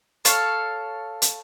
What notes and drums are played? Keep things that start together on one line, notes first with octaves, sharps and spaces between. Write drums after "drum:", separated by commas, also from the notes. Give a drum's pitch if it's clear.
A4 C#5 F5, drum: hi-hat
drum: hi-hat